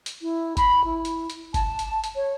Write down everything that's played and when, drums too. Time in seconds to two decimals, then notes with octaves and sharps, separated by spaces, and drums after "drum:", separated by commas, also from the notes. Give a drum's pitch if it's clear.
0.06 drum: hi-hat
0.22 E4
0.57 B5, drum: kick G1, hi-hat
0.84 E4
1.05 drum: hi-hat
1.30 drum: hi-hat
1.54 A5, drum: kick G1, hi-hat
1.79 drum: hi-hat
2.04 drum: hi-hat
2.16 C#5